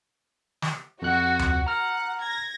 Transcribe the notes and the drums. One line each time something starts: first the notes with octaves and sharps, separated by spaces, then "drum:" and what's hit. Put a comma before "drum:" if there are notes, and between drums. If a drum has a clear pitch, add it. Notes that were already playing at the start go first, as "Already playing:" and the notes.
drum: snare
F2 F#4 F#6
drum: tom D2
F#5 A#5 F6
G#6 A#6